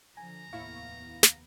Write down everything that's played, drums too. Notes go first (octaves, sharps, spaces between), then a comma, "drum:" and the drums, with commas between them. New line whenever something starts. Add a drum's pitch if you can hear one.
D3 F3 G#5 A#5
F1 D#2 A2 B3 E4 F5 C#6
drum: snare